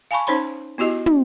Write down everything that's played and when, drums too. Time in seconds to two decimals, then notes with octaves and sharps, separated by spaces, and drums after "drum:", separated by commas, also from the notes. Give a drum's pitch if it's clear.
0.11 F5 G#5 A5 B5 C#6
0.27 C#4 D#4 C5 C#5 B5 C6
0.78 B3 E4 F#4 G4 D#5
1.06 drum: tom